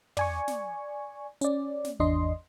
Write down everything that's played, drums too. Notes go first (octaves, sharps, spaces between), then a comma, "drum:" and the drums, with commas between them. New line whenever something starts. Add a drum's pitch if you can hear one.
D5 G#5 C#6, drum: tom
drum: snare
C#4 D5, drum: hi-hat
drum: snare
G#1 E2 D4 D#5 C6